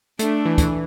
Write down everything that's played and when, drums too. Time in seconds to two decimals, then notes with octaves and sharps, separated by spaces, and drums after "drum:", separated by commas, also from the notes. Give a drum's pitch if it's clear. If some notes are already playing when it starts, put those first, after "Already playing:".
0.19 A3 D4, drum: hi-hat
0.46 E3
0.58 drum: kick, hi-hat